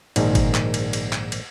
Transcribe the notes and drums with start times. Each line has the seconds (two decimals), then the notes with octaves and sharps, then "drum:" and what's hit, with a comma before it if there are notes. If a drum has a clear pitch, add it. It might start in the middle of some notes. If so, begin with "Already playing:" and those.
0.16 A#1 G#2 D#3, drum: cymbal
0.35 drum: kick, cymbal
0.55 drum: clap
0.74 drum: cymbal
0.93 drum: cymbal
1.13 drum: clap
1.32 drum: cymbal